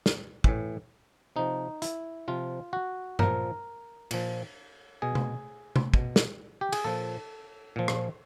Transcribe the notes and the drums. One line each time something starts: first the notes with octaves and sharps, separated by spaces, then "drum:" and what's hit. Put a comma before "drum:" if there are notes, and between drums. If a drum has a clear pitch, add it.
drum: snare
A2 E3, drum: kick
C3 F3 D#4
E4, drum: hi-hat
C3 F3 F4
F#4
A#2 F3 A#4, drum: tom G2
A#2 F3, drum: cymbal
B2 G#4
drum: tom C3
drum: tom C3
B2, drum: kick
drum: snare
G4
G#4, drum: cymbal
A#2 F3 A4
A#2 F3
drum: rim click